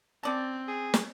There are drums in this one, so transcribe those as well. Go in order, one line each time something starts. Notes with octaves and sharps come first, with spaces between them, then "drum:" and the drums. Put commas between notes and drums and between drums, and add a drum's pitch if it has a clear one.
C4 C#4 D5 A5
G#4
drum: snare